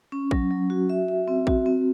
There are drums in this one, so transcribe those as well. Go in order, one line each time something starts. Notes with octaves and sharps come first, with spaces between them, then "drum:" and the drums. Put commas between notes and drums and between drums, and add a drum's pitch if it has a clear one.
C#4
F#3, drum: kick
F#3
F#4
E5
E5
C4
F#4, drum: kick
C4